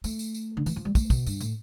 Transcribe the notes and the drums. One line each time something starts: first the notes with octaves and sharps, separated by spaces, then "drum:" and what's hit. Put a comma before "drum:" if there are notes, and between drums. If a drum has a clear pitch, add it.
A3, drum: tambourine
drum: tambourine
drum: tambourine
D3
E3, drum: tambourine
F3
G3
A3, drum: kick, tambourine
B2, drum: kick, tambourine
G2, drum: tambourine
A2, drum: tambourine